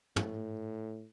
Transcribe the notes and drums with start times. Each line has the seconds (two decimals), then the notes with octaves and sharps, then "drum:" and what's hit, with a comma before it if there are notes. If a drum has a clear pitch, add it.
0.16 A2, drum: tom